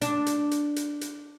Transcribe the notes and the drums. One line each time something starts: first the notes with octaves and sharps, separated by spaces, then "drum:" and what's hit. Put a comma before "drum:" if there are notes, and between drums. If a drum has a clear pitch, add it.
D4, drum: hi-hat
drum: hi-hat
drum: hi-hat
drum: hi-hat
drum: hi-hat